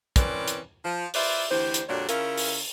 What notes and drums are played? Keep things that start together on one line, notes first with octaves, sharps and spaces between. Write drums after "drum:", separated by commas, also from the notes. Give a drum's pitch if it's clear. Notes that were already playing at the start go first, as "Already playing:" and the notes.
E3 C4 C#4 A#4 B4 D5, drum: kick, hi-hat
drum: hi-hat
F3
F4 B4 C5 D5 E5, drum: open hi-hat
D2 E3 G4 C5
drum: hi-hat
F2 A#2 G3 D4 F#4 C#5
C#3 C#4 E4 F4 A#4, drum: hi-hat
drum: open hi-hat